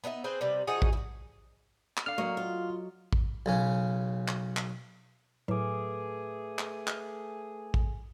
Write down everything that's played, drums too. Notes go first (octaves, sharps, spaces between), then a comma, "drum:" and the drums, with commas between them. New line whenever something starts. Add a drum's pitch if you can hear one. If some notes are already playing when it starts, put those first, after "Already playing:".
B3 D4 D#4 E5
C4 G#4 B4 C5
C3 G3 B4
F3 D#4 F#4 G#4
drum: kick A1
E4 F#4
drum: clap
D4 A4 F5 F6
F#3 A#3 D#5 C#6
F4
drum: kick A1
B1 C#3 C#4
drum: clap
drum: clap
A2 F#3 A3 G#4 B4 D6
drum: clap
drum: clap
drum: kick A1